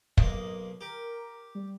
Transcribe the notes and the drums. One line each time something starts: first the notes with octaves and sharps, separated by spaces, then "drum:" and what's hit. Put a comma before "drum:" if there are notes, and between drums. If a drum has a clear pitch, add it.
B1 A#3 D#5, drum: kick
G4 A#4
G3